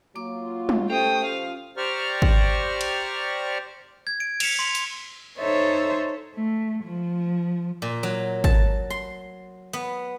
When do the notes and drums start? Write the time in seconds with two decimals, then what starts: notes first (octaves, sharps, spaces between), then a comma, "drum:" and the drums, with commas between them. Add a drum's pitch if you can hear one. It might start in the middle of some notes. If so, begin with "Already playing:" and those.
0.15 F#3 A#3 F4 D6
0.69 drum: tom G3
0.90 A3 C#4 G4 C5 G5 D#6
1.25 F3 F5
1.77 G4 C5 D5 A#5 C#6 F6
2.22 drum: kick
2.81 drum: cymbal
4.07 G#6
4.20 D7
4.40 B6 C#7 E7 F7, drum: cymbal
4.59 C6 B6 F7
4.75 drum: hi-hat
5.38 D#4 A4 C5 C#5 E5
6.35 A3
6.84 F3
7.82 A#2
8.03 F#3
8.44 A5, drum: kick
8.90 C6
9.73 B3